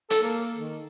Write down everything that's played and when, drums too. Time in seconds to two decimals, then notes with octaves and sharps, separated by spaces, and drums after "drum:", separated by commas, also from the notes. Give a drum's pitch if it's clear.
0.10 A4, drum: hi-hat
0.23 A#3
0.56 D#3